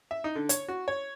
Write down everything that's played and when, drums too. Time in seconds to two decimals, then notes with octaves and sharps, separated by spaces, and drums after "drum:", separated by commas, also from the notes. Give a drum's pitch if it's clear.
0.11 E5
0.24 D#4
0.35 D3
0.49 C#5, drum: hi-hat
0.68 F#4
0.88 C#5